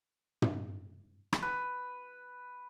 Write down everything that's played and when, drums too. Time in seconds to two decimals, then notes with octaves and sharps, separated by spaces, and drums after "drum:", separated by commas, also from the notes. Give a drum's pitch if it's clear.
0.42 drum: tom
1.33 drum: rim click
1.42 B4